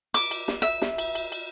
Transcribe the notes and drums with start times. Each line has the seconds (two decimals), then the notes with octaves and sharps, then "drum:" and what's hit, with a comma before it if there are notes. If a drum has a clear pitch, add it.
0.14 D6, drum: cymbal
0.31 drum: cymbal
0.48 drum: snare
0.62 E5
0.82 drum: snare
0.98 drum: cymbal
1.15 drum: cymbal
1.32 drum: cymbal